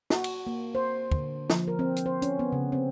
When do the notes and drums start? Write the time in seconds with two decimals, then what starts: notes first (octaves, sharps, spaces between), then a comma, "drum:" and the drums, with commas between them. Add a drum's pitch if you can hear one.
0.10 F#4, drum: snare
0.24 drum: cymbal
0.47 A#3
0.75 C5
1.12 D3, drum: kick
1.50 F3, drum: snare
1.68 A#4
1.79 C4
1.96 drum: hi-hat
2.06 C5
2.22 C#4, drum: hi-hat
2.39 B3
2.52 C#3
2.72 C4